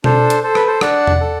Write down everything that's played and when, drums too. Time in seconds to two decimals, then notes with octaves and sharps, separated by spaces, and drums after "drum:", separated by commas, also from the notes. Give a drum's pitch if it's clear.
0.04 D4 A4 C5, drum: tom B2
0.30 drum: hi-hat
0.43 A4 C5
0.55 B4, drum: rim click
0.67 A4 C5
0.81 D4 D5 F#5, drum: rim click
1.07 drum: tom E2
1.20 A4